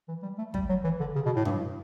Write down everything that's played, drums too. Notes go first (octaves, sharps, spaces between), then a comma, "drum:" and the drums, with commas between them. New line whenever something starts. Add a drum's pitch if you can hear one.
E3
G3
A3
G3, drum: kick
F#3
E3
D3
C#3
B2
A2
G2, drum: tom